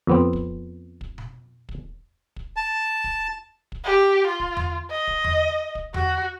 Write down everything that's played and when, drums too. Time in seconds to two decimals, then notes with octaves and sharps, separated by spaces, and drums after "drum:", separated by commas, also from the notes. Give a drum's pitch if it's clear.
0.07 F2 B3 C4
0.33 drum: kick
1.01 drum: kick
1.18 drum: tom B2
1.69 drum: kick
2.36 drum: kick
2.56 A5
3.04 drum: kick
3.72 drum: kick
3.84 G4
4.27 F4
4.40 drum: kick
4.57 drum: tom E2
4.90 D#5
5.07 drum: kick
5.24 drum: tom E2
5.75 drum: kick
5.94 F#4, drum: tom E2